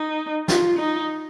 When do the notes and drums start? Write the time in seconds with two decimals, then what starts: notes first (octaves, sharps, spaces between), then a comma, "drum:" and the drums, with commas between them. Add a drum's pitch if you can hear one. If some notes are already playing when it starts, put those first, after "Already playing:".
Already playing: D#4
0.48 F4, drum: snare
0.78 D#4